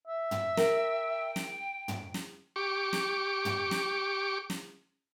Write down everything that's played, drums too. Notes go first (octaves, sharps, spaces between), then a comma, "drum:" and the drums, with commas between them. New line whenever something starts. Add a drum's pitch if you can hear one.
E5
drum: tom
A#4 G5, drum: snare
drum: snare
drum: tom
drum: snare
G4 C#6 D6
drum: snare
drum: tom
drum: snare
drum: snare